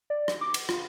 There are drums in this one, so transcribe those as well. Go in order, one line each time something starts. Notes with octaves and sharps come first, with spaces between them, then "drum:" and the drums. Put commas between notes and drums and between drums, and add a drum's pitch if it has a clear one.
D5
drum: rim click
D6
drum: cymbal
F4, drum: rim click